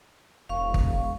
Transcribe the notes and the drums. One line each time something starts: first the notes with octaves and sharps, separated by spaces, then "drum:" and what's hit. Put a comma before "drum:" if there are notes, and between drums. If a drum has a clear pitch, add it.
E1 F5 C#6
drum: kick